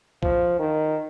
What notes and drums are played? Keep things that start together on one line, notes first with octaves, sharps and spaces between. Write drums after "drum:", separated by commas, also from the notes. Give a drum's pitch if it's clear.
F3, drum: kick B1
D#3